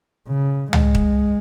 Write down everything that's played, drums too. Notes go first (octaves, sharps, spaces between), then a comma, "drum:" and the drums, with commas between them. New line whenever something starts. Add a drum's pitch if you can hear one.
C#3
G#3, drum: tom C#2
drum: kick